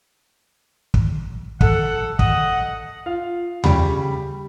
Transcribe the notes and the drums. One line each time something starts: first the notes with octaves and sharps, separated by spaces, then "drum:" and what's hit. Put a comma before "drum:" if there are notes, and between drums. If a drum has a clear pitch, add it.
drum: kick
A4 F#5, drum: kick
D#5 F#5, drum: kick
F4 F5
C#3 G3 G4 B5, drum: tom D#2